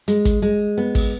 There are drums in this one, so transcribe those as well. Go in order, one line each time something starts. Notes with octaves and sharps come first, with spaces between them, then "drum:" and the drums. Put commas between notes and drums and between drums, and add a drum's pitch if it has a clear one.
G#3, drum: hi-hat
drum: kick, hi-hat
G#3
B3
drum: kick, open hi-hat